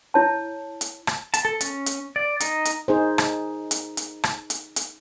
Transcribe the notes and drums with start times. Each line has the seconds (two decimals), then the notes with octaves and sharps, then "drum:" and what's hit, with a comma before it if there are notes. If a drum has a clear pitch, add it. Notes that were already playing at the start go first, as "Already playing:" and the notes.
0.14 E4 C#5 A5
0.81 drum: hi-hat
1.07 drum: rim click
1.34 A5, drum: hi-hat
1.45 A4
1.61 C#4, drum: hi-hat
1.86 drum: hi-hat
2.16 D5
2.40 D#4, drum: hi-hat
2.65 drum: hi-hat
2.88 D#4 G#4 C5
3.18 drum: rim click
3.71 drum: hi-hat
3.97 drum: hi-hat
4.24 drum: rim click
4.50 drum: hi-hat
4.76 drum: hi-hat